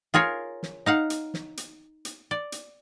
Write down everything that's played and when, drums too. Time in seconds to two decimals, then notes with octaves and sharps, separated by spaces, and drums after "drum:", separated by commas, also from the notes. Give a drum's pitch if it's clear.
0.14 F4 G#4 A#4 C#5
0.63 drum: snare
0.86 D#4 F5 F#5
1.10 drum: hi-hat
1.34 drum: snare
1.57 drum: hi-hat
2.05 drum: hi-hat
2.31 D5
2.52 drum: hi-hat